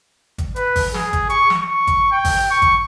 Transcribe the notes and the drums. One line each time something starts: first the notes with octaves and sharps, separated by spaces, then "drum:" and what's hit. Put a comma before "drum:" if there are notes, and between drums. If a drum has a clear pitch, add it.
drum: kick G#1, hi-hat
B4, drum: hi-hat
drum: kick G#1, open hi-hat
G#4, drum: snare
drum: kick G#1, hi-hat
C#6, drum: hi-hat
drum: snare
C#6
drum: kick G#1, hi-hat
G5
drum: kick G#1, open hi-hat
C#6
drum: kick G#1, hi-hat